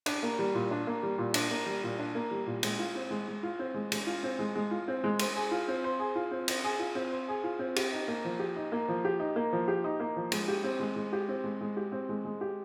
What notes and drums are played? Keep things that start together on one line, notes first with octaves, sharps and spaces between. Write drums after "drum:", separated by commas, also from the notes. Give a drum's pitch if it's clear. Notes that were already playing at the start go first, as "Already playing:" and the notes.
D4, drum: cymbal
A#3
G3
A#2
D4
A#3
G3
A#2
D4, drum: cymbal
A#3
G3
A#2
D4
A#3
G3
A#2
G#3, drum: cymbal
F4
C4
G#3
G#3
F4
C4
G#3
G#3, drum: cymbal
F4
C4
G#3
G#3
F4
C4
G#3
C5, drum: cymbal
G#4
F4
C4
C5
G#4
F4
C4
C5, drum: cymbal
G#4
F4
C4
C5
G#4
F4
C4
G4, drum: cymbal
D#4
A#3
F3
G4
D#4
A#3
F3
G4
D#4
A#3
F3
G4
D#4
A#3
F3
G#3, drum: cymbal
G4
C4
G#3
G#3
G4
C4
G#3
G#3
G4
C4
G#3
G#3
G4